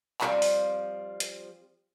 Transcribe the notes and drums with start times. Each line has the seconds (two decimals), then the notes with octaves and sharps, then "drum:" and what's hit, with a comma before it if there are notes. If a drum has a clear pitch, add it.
0.21 F3 G3 C4, drum: clap
0.42 drum: open hi-hat
1.20 drum: hi-hat